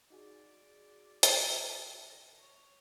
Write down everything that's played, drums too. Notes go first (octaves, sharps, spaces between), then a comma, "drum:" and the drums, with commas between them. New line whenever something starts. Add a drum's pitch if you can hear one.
D#4 F#4 G#4 D5
drum: hi-hat
A#4
C#5